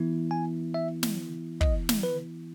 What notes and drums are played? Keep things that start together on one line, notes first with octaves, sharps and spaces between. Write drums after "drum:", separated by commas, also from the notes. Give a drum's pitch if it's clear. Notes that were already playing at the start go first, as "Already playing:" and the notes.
Already playing: E3 B3 E4
G#5
E5
drum: snare
D#5, drum: kick
drum: snare
B4